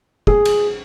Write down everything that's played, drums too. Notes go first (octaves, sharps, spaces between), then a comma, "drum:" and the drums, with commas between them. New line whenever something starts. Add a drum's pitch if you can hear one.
G#4, drum: kick
drum: cymbal